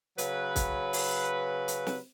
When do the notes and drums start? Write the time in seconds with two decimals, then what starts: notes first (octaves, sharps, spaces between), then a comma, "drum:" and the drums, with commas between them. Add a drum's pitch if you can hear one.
0.18 C#3 F#3 B4, drum: hi-hat
0.56 drum: kick, hi-hat
0.93 drum: open hi-hat
1.68 drum: hi-hat
1.87 drum: snare